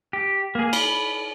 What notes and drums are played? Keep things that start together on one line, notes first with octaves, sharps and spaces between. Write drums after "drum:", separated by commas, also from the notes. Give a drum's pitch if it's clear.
G4
A#3 G#4
B5, drum: cymbal